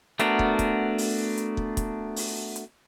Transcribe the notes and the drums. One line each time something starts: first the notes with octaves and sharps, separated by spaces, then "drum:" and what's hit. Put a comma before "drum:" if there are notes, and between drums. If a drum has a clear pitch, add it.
A3 B3 D4 F#4 A#4, drum: hi-hat
drum: kick
drum: kick, hi-hat
drum: open hi-hat
drum: hi-hat
drum: kick
drum: kick, hi-hat
drum: open hi-hat
drum: hi-hat